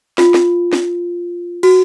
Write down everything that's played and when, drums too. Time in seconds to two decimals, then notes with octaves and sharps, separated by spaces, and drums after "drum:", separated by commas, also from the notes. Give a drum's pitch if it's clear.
0.18 F4, drum: snare
0.34 drum: snare
0.73 drum: snare
1.63 F#4, drum: cymbal